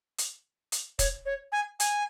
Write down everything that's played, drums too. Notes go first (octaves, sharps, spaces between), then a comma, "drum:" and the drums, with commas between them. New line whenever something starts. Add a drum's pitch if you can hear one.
drum: hi-hat
drum: hi-hat
C#5, drum: kick, hi-hat
C#5
G#5
G#5, drum: hi-hat